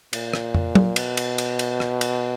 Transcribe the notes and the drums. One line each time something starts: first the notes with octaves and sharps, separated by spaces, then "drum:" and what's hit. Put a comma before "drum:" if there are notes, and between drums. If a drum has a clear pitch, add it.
A#2, drum: cymbal
drum: rim click
drum: tom
drum: tom
B2, drum: cymbal
drum: cymbal
drum: cymbal
drum: cymbal
drum: rim click
drum: cymbal